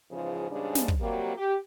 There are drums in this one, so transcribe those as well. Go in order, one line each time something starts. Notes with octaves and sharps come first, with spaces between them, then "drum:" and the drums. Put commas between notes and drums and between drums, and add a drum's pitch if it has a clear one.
E2 G#2 C#3 F3
E2 G#2 C#3 G3 D4
drum: snare
drum: kick
C3 F#3 G3 A#3
G4